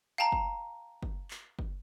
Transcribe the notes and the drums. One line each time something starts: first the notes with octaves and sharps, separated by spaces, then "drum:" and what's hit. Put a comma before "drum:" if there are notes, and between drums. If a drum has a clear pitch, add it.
F5 G5 A5 A#5
drum: kick
drum: kick
drum: clap
drum: kick